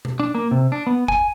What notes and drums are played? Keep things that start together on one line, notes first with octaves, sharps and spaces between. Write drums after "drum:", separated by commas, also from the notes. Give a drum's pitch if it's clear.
drum: tom B2
D4
A#3
C3
D4
B3
G#5, drum: kick G1